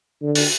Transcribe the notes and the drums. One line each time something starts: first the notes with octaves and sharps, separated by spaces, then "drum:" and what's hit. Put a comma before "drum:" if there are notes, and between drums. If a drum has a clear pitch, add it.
D3
drum: open hi-hat